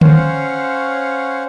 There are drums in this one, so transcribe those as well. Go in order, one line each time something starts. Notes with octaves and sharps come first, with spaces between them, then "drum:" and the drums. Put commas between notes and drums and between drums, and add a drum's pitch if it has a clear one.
C#4 C5 C#5 F5 F#5, drum: tom D3